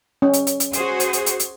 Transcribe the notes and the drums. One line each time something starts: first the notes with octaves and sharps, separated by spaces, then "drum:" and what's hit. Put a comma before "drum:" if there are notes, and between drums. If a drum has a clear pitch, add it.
C#4
drum: hi-hat
drum: hi-hat
drum: hi-hat
F#4 G#4 C5, drum: hi-hat
drum: hi-hat
drum: hi-hat
drum: hi-hat
drum: hi-hat